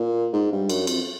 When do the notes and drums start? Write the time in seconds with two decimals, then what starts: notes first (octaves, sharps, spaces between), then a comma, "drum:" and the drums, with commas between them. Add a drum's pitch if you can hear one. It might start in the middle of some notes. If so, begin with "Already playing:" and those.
Already playing: A#2
0.33 G#2
0.52 G2
0.70 F#2, drum: cymbal
0.87 F2, drum: cymbal